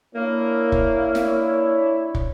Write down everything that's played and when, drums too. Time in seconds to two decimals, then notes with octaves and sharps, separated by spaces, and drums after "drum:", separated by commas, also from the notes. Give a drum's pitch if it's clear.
0.15 A#3 D4 E4 C#5
0.72 drum: kick
1.15 drum: snare
2.15 drum: kick